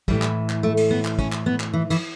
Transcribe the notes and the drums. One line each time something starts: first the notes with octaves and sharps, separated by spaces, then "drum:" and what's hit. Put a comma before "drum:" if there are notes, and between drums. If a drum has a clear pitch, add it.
A2 E3 G3, drum: kick
drum: clap
drum: clap
A3
drum: cymbal
B3
drum: clap
C#4, drum: kick
drum: clap
B3
drum: clap
E3
E3, drum: cymbal